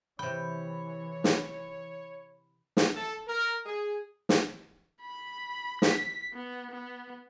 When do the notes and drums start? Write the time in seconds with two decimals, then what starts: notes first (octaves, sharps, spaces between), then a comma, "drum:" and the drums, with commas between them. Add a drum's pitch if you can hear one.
0.19 C3 E3 C#5 G5 B5
1.24 drum: snare
2.77 drum: snare
2.96 A4
3.28 A#4
3.66 G#4
4.29 drum: snare
5.01 B5
5.82 B6, drum: snare
6.33 B3
6.71 B3